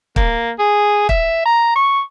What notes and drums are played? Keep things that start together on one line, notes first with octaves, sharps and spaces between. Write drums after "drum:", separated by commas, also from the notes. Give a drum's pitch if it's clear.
A#3, drum: kick
G#4
E5, drum: kick
A#5
C#6